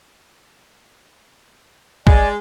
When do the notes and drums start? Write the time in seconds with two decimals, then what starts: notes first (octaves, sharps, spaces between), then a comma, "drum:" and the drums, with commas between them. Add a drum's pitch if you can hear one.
2.07 G#3 D5 G#5, drum: kick